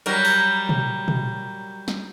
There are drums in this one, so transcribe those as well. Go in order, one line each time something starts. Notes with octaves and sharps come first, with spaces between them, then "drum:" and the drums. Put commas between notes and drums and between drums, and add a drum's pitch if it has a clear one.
F#3 G3 A#4, drum: hi-hat
drum: open hi-hat
drum: tom
drum: tom
drum: snare